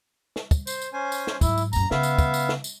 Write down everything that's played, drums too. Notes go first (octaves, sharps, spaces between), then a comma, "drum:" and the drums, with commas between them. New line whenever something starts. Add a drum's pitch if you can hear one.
drum: snare
drum: kick, tambourine
C5, drum: tambourine
drum: tambourine
C#4 C5 G#5
drum: tambourine
drum: snare
G#2 F#3 E4, drum: kick, tambourine
drum: tambourine
A#1 F#2 A#5, drum: tambourine
C#3 B3 E5 F5, drum: snare
drum: tambourine
drum: kick, tambourine
drum: tambourine
drum: snare
drum: tambourine